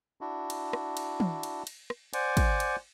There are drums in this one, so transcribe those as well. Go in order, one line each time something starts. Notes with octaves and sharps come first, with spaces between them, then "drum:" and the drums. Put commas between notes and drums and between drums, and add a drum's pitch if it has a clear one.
D4 E4 F#4
drum: cymbal
drum: rim click
drum: cymbal
drum: tom
drum: cymbal
drum: cymbal
drum: rim click
C5 D5 F#5 G#5 D6, drum: cymbal
drum: kick, cymbal
drum: cymbal